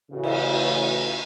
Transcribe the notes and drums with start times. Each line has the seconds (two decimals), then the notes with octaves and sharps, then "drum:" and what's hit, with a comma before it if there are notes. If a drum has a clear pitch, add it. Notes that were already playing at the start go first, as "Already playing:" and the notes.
0.12 A1 C#3 E3 F#4
0.23 drum: cymbal